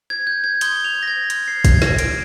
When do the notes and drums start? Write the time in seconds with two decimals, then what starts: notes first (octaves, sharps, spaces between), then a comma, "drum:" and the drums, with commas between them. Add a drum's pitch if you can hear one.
0.10 G#6
0.27 G6
0.44 G#6
0.61 C6 D#6 G6 G7, drum: hi-hat
0.84 F7
1.03 A#6
1.08 G#6
1.30 C6 F6 G#6, drum: hi-hat
1.48 C7
1.65 drum: kick, hi-hat
1.74 G#6
1.82 A#6, drum: snare
1.99 C6 F6 D7, drum: hi-hat